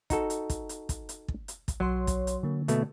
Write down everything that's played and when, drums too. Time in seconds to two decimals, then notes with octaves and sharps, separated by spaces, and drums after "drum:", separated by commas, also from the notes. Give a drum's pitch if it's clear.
0.10 D#4 F#4 A4, drum: kick, hi-hat
0.30 drum: hi-hat
0.50 drum: kick, hi-hat
0.69 drum: hi-hat
0.89 drum: kick, hi-hat
1.09 drum: hi-hat
1.28 drum: kick
1.48 drum: hi-hat
1.68 drum: kick, hi-hat
1.80 B1 F#3 C#5 C6
2.07 drum: kick, hi-hat
2.27 drum: hi-hat
2.43 D3 A#3
2.68 B2 A3, drum: hi-hat